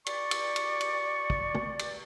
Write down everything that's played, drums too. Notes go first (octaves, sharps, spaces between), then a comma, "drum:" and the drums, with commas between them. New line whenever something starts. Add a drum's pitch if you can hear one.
D5 C#6, drum: cymbal
drum: cymbal
drum: cymbal
drum: cymbal
drum: kick
drum: tom
drum: cymbal